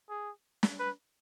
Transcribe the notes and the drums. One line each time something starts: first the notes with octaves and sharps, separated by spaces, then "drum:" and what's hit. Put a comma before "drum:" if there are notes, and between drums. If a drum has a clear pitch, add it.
G#4
drum: snare
B4